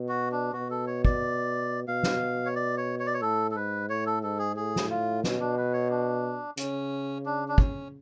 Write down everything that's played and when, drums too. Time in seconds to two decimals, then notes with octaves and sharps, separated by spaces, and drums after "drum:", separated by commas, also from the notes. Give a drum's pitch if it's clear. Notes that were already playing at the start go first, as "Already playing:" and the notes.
Already playing: B2
0.09 F#4
0.32 D4
0.53 B2 F#4
0.70 A4
0.87 C#5
1.05 D5, drum: kick
1.88 B2 F5
2.03 drum: snare
2.46 C#5
2.56 D5
2.78 C#5
2.99 C#5
3.06 D5
3.14 C#5
3.22 A2 A4
3.51 A4
3.56 G#2 B4
3.89 A2 C#5
4.07 A4
4.23 G#2 A4
4.39 G#4
4.56 A2 G#4
4.76 drum: snare
4.90 F4
5.24 B2 C#4, drum: snare
5.40 D4
5.58 B4
5.73 C#5
5.90 D4
6.57 C#3 C#4, drum: hi-hat
7.26 D4
7.48 D4
7.58 C#4, drum: kick